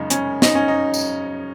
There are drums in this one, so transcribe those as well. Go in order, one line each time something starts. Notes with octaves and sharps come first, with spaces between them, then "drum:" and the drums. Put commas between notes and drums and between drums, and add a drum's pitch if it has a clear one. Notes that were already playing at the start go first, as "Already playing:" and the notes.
Already playing: F#2 C#3 G#3 D#4
C#4, drum: hi-hat
D#4, drum: snare
C#4
D#4
drum: tambourine